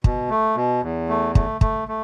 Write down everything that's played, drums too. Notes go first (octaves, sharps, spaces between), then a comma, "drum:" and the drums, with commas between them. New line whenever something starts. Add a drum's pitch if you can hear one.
B2, drum: kick
A3
B2
E2
A3
A3, drum: kick
A3, drum: kick
A3